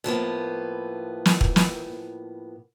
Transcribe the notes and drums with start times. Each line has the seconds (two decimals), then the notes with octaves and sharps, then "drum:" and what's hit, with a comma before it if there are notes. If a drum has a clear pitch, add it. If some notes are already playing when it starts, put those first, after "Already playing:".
0.04 A2 F3 A#3 B3
1.26 drum: snare
1.41 drum: kick
1.56 drum: snare